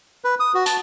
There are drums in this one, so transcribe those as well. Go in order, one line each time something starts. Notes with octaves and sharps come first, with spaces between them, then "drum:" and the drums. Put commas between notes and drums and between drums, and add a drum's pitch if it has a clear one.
B4
D#6
F#4
A5, drum: hi-hat